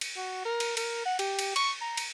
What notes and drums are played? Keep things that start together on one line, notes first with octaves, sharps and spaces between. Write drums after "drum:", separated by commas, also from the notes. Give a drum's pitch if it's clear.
drum: cymbal
F#4
A#4
drum: cymbal
A#4, drum: cymbal
F#5
G4, drum: cymbal
drum: cymbal
C#6, drum: cymbal
A#5
drum: cymbal